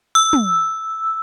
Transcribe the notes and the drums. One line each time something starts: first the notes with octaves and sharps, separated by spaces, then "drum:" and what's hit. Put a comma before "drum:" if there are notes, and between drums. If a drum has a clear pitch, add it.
E6
drum: tom